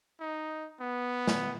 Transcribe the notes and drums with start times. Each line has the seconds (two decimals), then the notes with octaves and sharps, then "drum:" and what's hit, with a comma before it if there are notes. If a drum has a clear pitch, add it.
0.20 D#4
0.81 B3
1.27 drum: snare